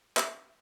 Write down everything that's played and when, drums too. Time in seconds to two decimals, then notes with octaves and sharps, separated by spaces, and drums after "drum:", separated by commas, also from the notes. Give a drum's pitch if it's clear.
0.17 E5, drum: clap